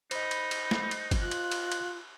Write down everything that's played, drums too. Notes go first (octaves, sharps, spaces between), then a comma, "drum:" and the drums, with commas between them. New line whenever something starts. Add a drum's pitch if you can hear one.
D#4 C5 D#5 B5, drum: cymbal
drum: cymbal
drum: cymbal
drum: snare
drum: cymbal
drum: kick G1, cymbal
F4 F#6
drum: cymbal
drum: cymbal
drum: cymbal